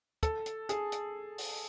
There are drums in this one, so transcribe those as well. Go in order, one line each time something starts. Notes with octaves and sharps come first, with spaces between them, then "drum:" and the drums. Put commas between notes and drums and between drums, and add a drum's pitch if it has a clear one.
A4, drum: kick, hi-hat
drum: hi-hat
G#4, drum: hi-hat
drum: hi-hat
drum: open hi-hat